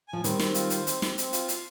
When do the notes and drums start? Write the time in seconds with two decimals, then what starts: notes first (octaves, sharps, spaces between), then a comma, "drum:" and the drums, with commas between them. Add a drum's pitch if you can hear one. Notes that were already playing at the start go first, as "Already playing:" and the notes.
0.08 F3 G#5
0.24 D#3 G3 C4, drum: hi-hat
0.39 C4, drum: snare
0.54 F4, drum: hi-hat
0.70 C5, drum: hi-hat
0.87 C4, drum: hi-hat
1.02 C4, drum: snare
1.18 C4, drum: hi-hat
1.33 F4, drum: hi-hat
1.48 F5, drum: hi-hat